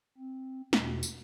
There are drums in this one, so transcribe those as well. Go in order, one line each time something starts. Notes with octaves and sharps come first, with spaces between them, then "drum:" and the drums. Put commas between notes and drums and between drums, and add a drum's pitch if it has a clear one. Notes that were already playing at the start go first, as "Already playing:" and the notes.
C4
E2 B2, drum: snare
drum: tambourine